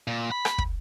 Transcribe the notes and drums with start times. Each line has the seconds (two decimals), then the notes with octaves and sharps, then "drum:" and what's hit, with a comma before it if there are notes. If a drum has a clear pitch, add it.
0.07 A#2
0.32 B5
0.45 drum: rim click
0.58 drum: kick